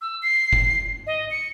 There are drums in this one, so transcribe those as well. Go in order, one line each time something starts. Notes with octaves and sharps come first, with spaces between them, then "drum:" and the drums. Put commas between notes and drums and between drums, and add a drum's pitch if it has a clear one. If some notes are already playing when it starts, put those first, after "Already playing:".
E6
C7
drum: kick F#1
D#5
C#7